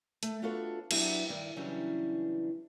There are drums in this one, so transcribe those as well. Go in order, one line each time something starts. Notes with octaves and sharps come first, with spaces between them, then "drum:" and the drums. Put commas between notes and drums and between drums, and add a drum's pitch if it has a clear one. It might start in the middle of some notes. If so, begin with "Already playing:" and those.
A3, drum: hi-hat
B3 D4 F4 F#4 A4 C#5
F#3 B3 D4 E4 G4, drum: cymbal
G2 D#3 E4 D5
C#3 E3 F#3 G3 C#4 D4